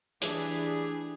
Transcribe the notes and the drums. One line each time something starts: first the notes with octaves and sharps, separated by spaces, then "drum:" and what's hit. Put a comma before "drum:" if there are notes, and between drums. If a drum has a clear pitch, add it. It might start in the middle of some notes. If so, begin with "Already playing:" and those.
E3 A3 D4 G4 G#4, drum: hi-hat